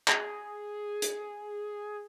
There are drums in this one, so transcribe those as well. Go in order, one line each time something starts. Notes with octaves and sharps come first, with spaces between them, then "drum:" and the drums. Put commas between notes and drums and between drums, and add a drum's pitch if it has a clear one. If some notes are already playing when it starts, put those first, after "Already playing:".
G#4, drum: clap
drum: hi-hat